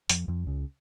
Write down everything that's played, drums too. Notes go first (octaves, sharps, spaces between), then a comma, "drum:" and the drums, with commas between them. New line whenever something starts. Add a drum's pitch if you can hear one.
F2 F3, drum: hi-hat
F2 F3
C#2 C#3